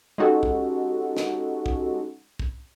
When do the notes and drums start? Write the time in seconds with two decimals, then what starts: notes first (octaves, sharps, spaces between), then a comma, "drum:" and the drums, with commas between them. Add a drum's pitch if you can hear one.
0.18 G#3 C#4 D#4 F#4 G4 A4
0.43 drum: kick
1.17 drum: snare
1.66 drum: kick
2.39 drum: kick